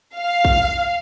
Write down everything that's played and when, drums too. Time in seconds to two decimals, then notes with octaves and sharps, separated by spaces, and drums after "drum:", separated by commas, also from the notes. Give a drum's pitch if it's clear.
0.16 F5
0.45 drum: kick